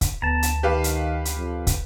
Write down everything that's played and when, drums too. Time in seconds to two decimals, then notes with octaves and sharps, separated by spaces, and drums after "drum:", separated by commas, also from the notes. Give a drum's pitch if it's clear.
0.01 drum: kick, hi-hat
0.22 D2 B3 A5 A#5
0.43 drum: hi-hat
0.63 D#3 G4 B4 F5
0.84 drum: hi-hat
1.25 drum: hi-hat
1.37 F2
1.67 drum: kick, hi-hat